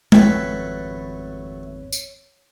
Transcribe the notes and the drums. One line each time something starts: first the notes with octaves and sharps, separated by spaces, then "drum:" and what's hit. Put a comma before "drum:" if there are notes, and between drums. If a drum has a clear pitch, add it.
G#1 F2 F#3 A3 A4 B4 C#5, drum: tom G#3
drum: tambourine